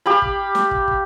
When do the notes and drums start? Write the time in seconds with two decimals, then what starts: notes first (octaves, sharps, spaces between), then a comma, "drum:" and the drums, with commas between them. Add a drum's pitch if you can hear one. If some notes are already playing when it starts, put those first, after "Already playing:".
0.06 G4 F5 B5
0.22 drum: kick
0.55 drum: snare
0.71 drum: kick
0.88 drum: kick